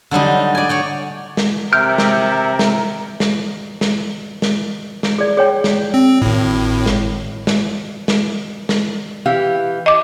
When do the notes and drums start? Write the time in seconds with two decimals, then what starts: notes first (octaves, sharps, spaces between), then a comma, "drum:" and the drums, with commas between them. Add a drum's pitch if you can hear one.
0.11 D3 F#3 G3 D#4
0.55 D5 G#5
0.69 C#5 D5 G5
1.37 drum: snare
1.72 C3 A#4 E5 F6 G6 D7
1.98 drum: snare
2.59 drum: snare
3.20 drum: snare
3.81 drum: snare
4.42 drum: snare
5.03 drum: snare
5.18 G#4 D5
5.37 G#4 C#5 G5
5.64 drum: snare
5.94 C4
6.22 G#1 A2
6.86 drum: snare
7.47 drum: snare
8.08 drum: snare
8.69 drum: snare
9.26 E3 G4 F5
9.86 D#5 D6